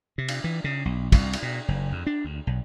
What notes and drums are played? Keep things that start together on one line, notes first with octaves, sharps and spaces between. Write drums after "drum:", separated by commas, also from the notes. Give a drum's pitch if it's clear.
C3
drum: cymbal
E3
C#3
B1
C2, drum: kick, cymbal
drum: cymbal
B2
F#1
F2
D4
D2
B1